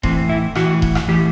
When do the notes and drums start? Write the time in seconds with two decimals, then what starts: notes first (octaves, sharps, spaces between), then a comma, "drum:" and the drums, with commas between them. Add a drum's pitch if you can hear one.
0.03 A2 E3 C4, drum: kick D#1
0.29 E4
0.55 A2 E3 F#4, drum: rim click
0.82 drum: kick D#1
0.95 drum: rim click
1.08 A2 E3 G4